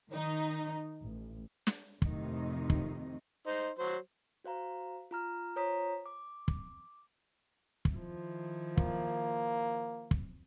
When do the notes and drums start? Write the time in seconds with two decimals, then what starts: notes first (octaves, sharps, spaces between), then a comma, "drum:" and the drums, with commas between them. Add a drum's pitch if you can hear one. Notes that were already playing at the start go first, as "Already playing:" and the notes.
0.12 D#3 D#4
1.01 A1
1.67 drum: snare
2.02 F2 A2 C3 D#3 D#4, drum: kick
2.70 drum: kick
3.47 D#4 C5
3.78 F#3 C5
4.44 F#4 C5 F5 A#5
5.11 F4 A#5 F6
5.56 F4 C5 C#5 A#5 D#6 B6
6.06 D6
6.48 drum: kick
7.85 drum: kick
7.97 D#3 F3 E4
8.77 A#3, drum: kick
10.11 drum: kick